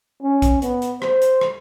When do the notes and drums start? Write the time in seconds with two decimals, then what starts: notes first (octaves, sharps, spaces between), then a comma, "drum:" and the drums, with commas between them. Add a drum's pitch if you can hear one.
0.22 C#4
0.42 drum: kick B1, hi-hat
0.62 B3, drum: hi-hat
0.82 drum: hi-hat
1.02 C5, drum: rim click
1.22 drum: hi-hat
1.41 drum: rim click